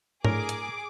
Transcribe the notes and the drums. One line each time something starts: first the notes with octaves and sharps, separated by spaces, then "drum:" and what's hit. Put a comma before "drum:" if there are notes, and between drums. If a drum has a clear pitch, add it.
A2 D4 G#4 A#4 C#5 D6, drum: tom G#2
drum: hi-hat